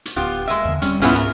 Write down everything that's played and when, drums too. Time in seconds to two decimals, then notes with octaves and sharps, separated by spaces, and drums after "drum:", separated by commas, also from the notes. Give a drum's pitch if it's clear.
0.05 drum: hi-hat
0.16 D1 B3 F4 G4
0.47 G#3 A#3 E5
0.65 E2 D3
0.82 D1 G3 C4 C#4, drum: hi-hat
1.02 C#2 G#2 E3 B3 C#4 E4 F4 G#4
1.16 A#4